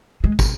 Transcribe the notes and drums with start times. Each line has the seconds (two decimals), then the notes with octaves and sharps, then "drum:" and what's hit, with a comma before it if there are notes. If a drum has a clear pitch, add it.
0.24 G#3
0.39 drum: kick, tambourine